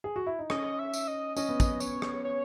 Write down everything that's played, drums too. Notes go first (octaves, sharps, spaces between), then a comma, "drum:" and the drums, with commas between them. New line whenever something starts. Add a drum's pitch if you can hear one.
G#4
F#4
E4
D#4
C#4 D#5, drum: rim click
E5
drum: tambourine
D#5
C#4 D#5, drum: tambourine
B3
C#4, drum: kick, tambourine
C#5, drum: tambourine
drum: rim click
C#5